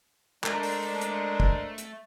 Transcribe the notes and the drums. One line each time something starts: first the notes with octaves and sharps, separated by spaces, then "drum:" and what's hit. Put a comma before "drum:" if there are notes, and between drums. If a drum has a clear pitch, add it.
G#3 A3 D4 A#4 C5, drum: clap
drum: open hi-hat
drum: hi-hat
drum: kick
drum: hi-hat